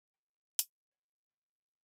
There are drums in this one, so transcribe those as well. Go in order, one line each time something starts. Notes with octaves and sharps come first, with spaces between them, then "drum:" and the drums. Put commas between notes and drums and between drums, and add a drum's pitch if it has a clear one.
F4 F#4 G#4 A#4 G5
D#2 B4, drum: hi-hat
C5 C#5 D#5 F#5 G5 A5
C2 A2 G3 D5 E5 C6